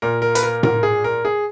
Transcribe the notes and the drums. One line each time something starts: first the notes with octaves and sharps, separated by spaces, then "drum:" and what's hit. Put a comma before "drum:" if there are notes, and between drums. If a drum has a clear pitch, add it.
A#2 A#4
A#4
B4, drum: hi-hat
A#4
A#4, drum: tom A2
G#4
A#4
G#4